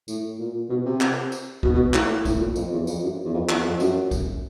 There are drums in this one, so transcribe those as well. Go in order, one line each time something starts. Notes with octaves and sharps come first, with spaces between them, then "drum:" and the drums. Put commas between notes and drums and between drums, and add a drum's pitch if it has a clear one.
A2, drum: tambourine
A#2
B2
C3
drum: clap
drum: tambourine
B2, drum: kick
B2
A2, drum: clap
A2
A2, drum: kick, tambourine
A#2
F2, drum: tambourine
E2
F2, drum: tambourine
F#2
E2
F2
E2, drum: clap
F2
F#2, drum: tambourine
drum: kick, tambourine